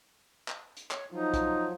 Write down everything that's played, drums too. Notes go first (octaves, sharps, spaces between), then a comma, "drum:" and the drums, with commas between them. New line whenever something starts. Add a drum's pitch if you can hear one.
drum: clap
drum: hi-hat
C#5, drum: clap
F3 F#3 D#4 F4
drum: kick, hi-hat